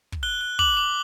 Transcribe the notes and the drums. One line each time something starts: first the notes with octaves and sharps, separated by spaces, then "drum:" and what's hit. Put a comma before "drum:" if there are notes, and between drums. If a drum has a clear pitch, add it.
drum: kick
F#6 G7
F#6
D6 F#7, drum: kick
D6